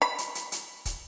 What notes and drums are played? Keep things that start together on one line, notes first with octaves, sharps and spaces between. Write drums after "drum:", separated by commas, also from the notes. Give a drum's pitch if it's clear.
B5
drum: hi-hat
drum: hi-hat
drum: hi-hat
drum: kick, hi-hat